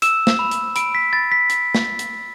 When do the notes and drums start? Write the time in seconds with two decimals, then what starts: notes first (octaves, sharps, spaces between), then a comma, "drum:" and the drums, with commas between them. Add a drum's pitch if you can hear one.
0.02 E6 E7, drum: hi-hat
0.27 drum: snare
0.39 B5
0.51 drum: hi-hat
0.76 B5 D7, drum: hi-hat
0.95 B6
1.13 B5 A6
1.32 B6
1.50 B5, drum: hi-hat
1.75 drum: snare
1.87 B5
1.99 drum: hi-hat